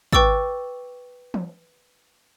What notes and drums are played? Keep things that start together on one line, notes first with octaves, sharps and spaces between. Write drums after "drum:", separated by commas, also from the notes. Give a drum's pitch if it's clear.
B4 G5 C#6 D6 E6 A6, drum: kick
drum: tom E3